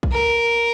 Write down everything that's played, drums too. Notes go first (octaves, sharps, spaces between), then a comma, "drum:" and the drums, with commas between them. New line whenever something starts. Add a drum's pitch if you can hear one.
drum: kick A#1
A#4